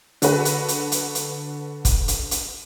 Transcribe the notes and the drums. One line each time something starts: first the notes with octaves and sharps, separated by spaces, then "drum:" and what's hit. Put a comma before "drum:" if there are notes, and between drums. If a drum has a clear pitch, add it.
D3 F#4 B4, drum: hi-hat
drum: hi-hat
drum: hi-hat
drum: hi-hat
drum: hi-hat
drum: kick, hi-hat
drum: hi-hat
drum: hi-hat